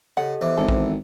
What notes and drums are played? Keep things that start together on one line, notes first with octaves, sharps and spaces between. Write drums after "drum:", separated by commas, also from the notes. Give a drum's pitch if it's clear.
C#3 G4 A4 D#5 F#5
E2 E3 C5 D6
G#1 A4
drum: kick A#1